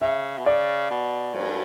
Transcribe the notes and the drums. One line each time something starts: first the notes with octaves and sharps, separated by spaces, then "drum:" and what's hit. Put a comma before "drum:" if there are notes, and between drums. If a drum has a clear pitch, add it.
C#3 E5
B2
C#3 D5
B2
G2, drum: cymbal